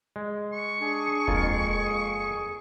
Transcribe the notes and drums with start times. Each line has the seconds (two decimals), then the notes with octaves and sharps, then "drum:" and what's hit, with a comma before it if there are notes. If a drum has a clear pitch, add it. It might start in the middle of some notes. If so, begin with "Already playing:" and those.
0.16 G#3
0.52 C#6
0.80 D4 G#4
1.28 F2 G#3 A#3 F4, drum: kick D#1